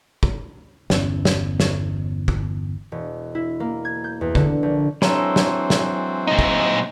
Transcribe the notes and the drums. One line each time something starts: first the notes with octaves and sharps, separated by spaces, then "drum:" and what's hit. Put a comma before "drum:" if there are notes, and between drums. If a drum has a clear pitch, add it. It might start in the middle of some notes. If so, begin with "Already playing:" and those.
drum: kick
G1 E2 C#4, drum: snare
drum: snare
drum: snare
drum: kick
E1
E4
A#3
G#6
G6
E2
D3, drum: kick
A#1
E3 F#3 G#3 C4 D4 A4 C#5 A#5, drum: snare
drum: snare
drum: snare
A#2 D#4
drum: kick